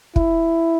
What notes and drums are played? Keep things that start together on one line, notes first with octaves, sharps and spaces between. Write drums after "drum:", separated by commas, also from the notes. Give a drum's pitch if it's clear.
E4, drum: kick